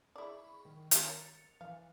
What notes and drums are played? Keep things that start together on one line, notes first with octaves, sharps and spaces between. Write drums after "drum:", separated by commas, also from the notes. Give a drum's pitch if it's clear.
E4 G#4 D5 B5 C#6
D#3
drum: hi-hat
A#4 C#5 A6 C#7 F7
E3 F5